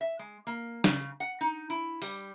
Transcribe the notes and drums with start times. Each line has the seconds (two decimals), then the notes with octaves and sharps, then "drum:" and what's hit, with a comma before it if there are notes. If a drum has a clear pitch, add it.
0.01 E5
0.19 G#3
0.47 A#3
0.84 C#3, drum: snare
1.20 F#5
1.41 D#4
1.70 E4
2.02 G3, drum: open hi-hat